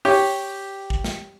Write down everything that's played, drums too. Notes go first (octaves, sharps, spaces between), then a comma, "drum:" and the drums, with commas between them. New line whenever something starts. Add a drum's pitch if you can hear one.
G4 C#5, drum: open hi-hat
drum: kick
drum: snare